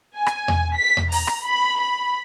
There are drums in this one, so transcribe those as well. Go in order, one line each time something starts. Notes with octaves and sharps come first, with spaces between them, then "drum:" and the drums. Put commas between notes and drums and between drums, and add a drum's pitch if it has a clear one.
G#5
drum: rim click
drum: tom E2
B6
drum: tom E2
A#5, drum: open hi-hat
drum: rim click
B5
B5